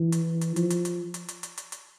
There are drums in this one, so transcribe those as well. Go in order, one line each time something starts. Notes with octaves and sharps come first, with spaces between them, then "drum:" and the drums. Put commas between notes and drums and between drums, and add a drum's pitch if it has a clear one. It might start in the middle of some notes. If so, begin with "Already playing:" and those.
Already playing: E3
drum: hi-hat
drum: hi-hat
F3, drum: hi-hat
drum: hi-hat
drum: hi-hat
drum: hi-hat
drum: hi-hat
drum: hi-hat
drum: hi-hat
drum: hi-hat